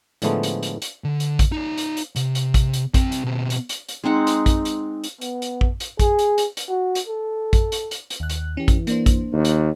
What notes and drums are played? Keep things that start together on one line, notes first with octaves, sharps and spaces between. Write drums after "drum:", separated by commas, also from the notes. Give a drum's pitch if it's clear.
A2 D3 F3 G#3 A3 B3, drum: hi-hat
drum: hi-hat
drum: hi-hat
drum: hi-hat
D3
drum: hi-hat
drum: kick A1, hi-hat
D#4 D5
drum: hi-hat
drum: hi-hat
C3, drum: hi-hat
drum: hi-hat
drum: kick A1, hi-hat
drum: hi-hat
C2 C4, drum: kick A1, hi-hat
drum: hi-hat
B2 C4
drum: hi-hat
drum: hi-hat
drum: hi-hat
G#3 C4 D#4 F#5
drum: hi-hat
drum: kick A1, hi-hat
drum: hi-hat
drum: hi-hat
B3, drum: hi-hat
drum: hi-hat
drum: kick A1
drum: hi-hat
G#4, drum: kick A1, hi-hat
drum: hi-hat
drum: hi-hat
drum: hi-hat
F#4
drum: hi-hat
A4
drum: kick A1, hi-hat
drum: hi-hat
drum: hi-hat
drum: hi-hat
D#2 F#6
drum: hi-hat
E3 C#4 G4
drum: kick A1, hi-hat
A#3 D4 C5, drum: hi-hat
drum: kick A1, hi-hat
D#2
drum: hi-hat